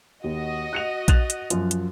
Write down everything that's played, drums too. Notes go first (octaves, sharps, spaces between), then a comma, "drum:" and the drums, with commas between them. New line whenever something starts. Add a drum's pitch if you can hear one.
D#2 F#4 D#5
F#6 C#7 F7
F#6 A6 F7, drum: kick A#1, hi-hat
drum: hi-hat
F#2 F3, drum: hi-hat
drum: hi-hat